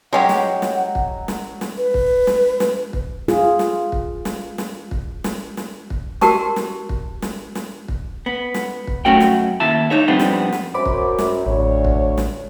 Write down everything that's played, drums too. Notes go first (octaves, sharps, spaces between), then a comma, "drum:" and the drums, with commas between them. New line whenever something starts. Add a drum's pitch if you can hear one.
F#3 G#3 C#4 G4 F#5
drum: snare
drum: snare
drum: kick
drum: snare
drum: snare
B4
drum: kick
drum: snare
drum: snare
drum: kick
F4 G#4, drum: snare
drum: snare
drum: kick
drum: snare
drum: snare
drum: kick
drum: snare
drum: snare
drum: kick
F#4 G4 A#4 A5 C#6, drum: snare
drum: snare
drum: kick
drum: snare
drum: snare
drum: kick
B3
drum: snare
drum: kick
F#2 A3 C#4 F#4 C#5 G5
drum: snare
D#2 E4 E5 A5
D#4 C#5 E5
F2 G3 B3 C4 D4
drum: snare
drum: snare
F#2 C5 B5 D6
drum: kick
drum: snare
A1 D2 C#5
drum: kick
drum: snare